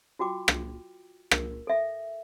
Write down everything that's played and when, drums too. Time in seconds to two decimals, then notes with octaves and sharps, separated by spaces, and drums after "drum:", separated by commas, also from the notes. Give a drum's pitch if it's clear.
0.19 F4 F#4 G5 D6
0.48 drum: rim click
1.31 A#4, drum: rim click
1.67 A4 E5